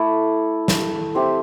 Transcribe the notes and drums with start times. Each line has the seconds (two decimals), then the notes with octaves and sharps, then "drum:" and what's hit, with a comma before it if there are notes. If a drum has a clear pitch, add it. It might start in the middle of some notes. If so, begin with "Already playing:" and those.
Already playing: A3 E4 A4 D5
0.68 drum: snare
1.15 C4 G4 C5 E5